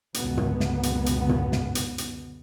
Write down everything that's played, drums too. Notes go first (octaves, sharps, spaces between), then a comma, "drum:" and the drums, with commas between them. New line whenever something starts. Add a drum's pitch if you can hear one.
C#2 F#2 B2 D3 B3, drum: hi-hat
drum: tom
drum: snare
drum: hi-hat
drum: hi-hat
drum: tom
drum: snare
drum: hi-hat
drum: hi-hat